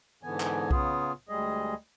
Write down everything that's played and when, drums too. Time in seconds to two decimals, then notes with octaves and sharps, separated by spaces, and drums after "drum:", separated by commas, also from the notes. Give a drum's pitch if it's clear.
0.23 G#2 D3 E3 B3 G#5
0.40 drum: clap
0.71 C#3 B3 F4 G#4, drum: kick B1
1.29 D2 G3 G#3 G#4 D#5